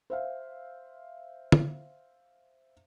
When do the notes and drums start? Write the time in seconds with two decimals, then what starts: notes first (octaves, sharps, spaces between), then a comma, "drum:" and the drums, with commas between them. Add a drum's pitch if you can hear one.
0.10 C5 E5 F5
1.52 drum: tom